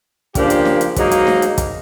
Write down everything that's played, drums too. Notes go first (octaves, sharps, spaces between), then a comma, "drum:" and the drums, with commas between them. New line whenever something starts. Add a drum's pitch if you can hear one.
C#3 F3 A#3 D4 G4, drum: kick, hi-hat
drum: hi-hat
drum: snare
drum: hi-hat
G#2 D#3 F#3 A#3 D#4, drum: kick, hi-hat
drum: hi-hat
drum: snare
drum: hi-hat
drum: kick, hi-hat